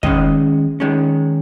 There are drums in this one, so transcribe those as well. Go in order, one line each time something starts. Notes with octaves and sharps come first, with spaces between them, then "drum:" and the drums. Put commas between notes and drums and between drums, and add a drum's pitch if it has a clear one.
D#3 G#3 C#4 D#5, drum: kick
D#3 G#3 C#4